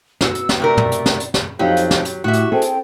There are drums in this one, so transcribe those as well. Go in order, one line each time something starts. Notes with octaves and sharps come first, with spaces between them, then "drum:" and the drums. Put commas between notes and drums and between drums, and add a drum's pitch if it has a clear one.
B3 F#4 E6, drum: snare
drum: hi-hat
drum: snare
C3 A3 A#4 D5
drum: tom
drum: hi-hat
drum: snare
drum: hi-hat
drum: snare
F2 F#3 D#4 G4 C5 F5
drum: hi-hat
drum: snare
drum: hi-hat
A2 F#4 G4 E5 C#6
drum: hi-hat
C4 G#4 A4 C5 G5
drum: hi-hat